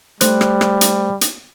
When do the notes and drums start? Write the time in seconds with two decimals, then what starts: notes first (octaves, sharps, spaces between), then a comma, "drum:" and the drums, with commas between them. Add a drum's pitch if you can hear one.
0.21 G3 A3 C5 F#6, drum: hi-hat
0.41 drum: rim click
0.61 drum: rim click
0.81 drum: hi-hat
1.21 drum: hi-hat